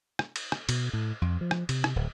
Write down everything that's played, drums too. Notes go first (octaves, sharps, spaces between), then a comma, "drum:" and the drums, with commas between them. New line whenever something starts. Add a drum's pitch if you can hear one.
drum: rim click
drum: cymbal
drum: rim click
B2, drum: cymbal
A2
F2
F3
drum: rim click
C3, drum: cymbal
drum: rim click
D1